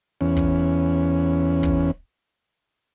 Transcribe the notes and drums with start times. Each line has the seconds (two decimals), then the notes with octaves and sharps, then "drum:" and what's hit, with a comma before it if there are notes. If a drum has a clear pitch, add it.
0.21 E2 C#4
0.37 drum: kick
1.63 drum: kick